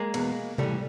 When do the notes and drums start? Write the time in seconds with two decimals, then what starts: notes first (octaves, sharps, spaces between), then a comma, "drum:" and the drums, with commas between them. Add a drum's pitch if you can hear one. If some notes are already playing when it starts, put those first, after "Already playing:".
Already playing: G#3 A#3
0.14 E2 B2, drum: cymbal
0.58 A2 E3 G3 A3, drum: tom C3